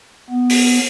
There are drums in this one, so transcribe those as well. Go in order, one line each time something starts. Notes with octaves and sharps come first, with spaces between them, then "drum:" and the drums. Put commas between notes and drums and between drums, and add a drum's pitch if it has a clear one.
B3
drum: open hi-hat